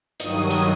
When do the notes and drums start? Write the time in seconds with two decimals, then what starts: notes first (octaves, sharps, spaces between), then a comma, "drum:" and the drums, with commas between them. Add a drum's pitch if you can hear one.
0.20 G2 D#3 F#3 D#6, drum: hi-hat
0.50 drum: hi-hat